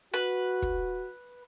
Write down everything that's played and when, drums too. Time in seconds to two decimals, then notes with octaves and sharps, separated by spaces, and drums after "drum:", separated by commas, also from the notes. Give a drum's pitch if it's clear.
0.14 F#4 B4
0.62 drum: kick